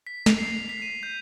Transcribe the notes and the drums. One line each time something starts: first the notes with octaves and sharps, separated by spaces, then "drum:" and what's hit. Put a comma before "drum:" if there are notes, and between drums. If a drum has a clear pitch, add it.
B6
F7, drum: snare
C7
B6
D#7
G6